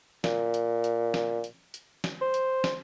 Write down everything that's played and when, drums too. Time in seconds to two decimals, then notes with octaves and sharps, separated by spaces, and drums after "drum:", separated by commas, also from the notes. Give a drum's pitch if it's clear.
0.24 A#2, drum: snare
0.54 drum: hi-hat
0.84 drum: hi-hat
1.14 drum: snare
1.44 drum: hi-hat
1.74 drum: hi-hat
2.04 drum: snare
2.21 C5
2.34 drum: hi-hat
2.64 drum: snare